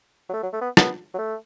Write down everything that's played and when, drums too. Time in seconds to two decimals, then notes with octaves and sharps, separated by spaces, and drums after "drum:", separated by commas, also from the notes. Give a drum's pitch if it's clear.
0.29 F#3
0.33 A3
0.43 F#3
0.53 A3
0.61 B3
0.77 B3, drum: rim click
1.14 F#3
1.18 A3